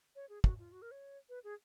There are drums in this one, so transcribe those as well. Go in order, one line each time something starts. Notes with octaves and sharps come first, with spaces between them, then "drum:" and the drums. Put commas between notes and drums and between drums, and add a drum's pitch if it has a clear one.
C#5
G#4
F#4, drum: kick
F4
F#4
A#4
C#5
B4
G#4